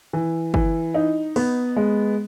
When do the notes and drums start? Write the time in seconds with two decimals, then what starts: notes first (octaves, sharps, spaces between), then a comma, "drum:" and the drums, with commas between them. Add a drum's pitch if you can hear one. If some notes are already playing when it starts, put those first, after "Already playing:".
0.13 E3
0.54 E3, drum: kick
0.94 D#4
1.36 B3, drum: open hi-hat
1.76 G#3